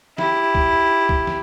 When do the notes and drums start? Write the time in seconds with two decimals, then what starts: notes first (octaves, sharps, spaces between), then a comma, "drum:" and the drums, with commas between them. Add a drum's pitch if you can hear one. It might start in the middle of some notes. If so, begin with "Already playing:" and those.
0.18 E4 G4, drum: snare
0.55 drum: kick
1.09 drum: kick
1.27 drum: snare